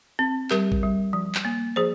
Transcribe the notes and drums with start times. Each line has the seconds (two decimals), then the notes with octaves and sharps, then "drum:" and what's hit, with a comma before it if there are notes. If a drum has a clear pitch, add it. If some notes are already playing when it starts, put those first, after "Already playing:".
0.19 C4
0.51 G3 G4 A#4, drum: clap
0.72 drum: kick A1
0.83 G3
1.13 F3
1.35 drum: clap
1.45 A#3
1.76 F3 G#4 C5